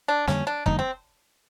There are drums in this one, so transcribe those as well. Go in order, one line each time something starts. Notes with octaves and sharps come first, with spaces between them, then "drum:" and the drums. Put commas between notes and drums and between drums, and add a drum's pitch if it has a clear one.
D4
F2 D3 G3 A#3 C#4, drum: snare
D4
F2 D3 G3 A#3 D#4, drum: kick F1
C4